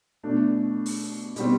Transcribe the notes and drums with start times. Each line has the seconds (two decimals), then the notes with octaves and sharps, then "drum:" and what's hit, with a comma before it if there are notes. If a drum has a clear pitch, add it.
0.23 B2 A3 D4
0.86 drum: open hi-hat
1.36 B2 G3 C4, drum: hi-hat